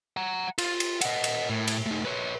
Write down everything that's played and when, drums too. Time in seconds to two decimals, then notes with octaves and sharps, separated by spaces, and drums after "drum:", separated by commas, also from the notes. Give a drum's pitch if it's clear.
0.17 F#5 A#5
0.58 F4, drum: cymbal
0.80 drum: cymbal
1.01 D#5 F#5, drum: cymbal
1.24 drum: cymbal
1.50 A2
1.68 drum: cymbal
1.86 A3 D#4
2.05 B4 C#5